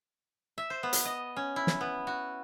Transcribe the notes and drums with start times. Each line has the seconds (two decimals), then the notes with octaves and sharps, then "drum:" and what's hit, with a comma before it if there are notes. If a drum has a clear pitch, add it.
0.58 E5
0.70 C5
0.83 B3
0.93 drum: hi-hat
1.05 D#5
1.36 C#4
1.56 E4
1.67 drum: snare
1.81 B3
2.07 F#4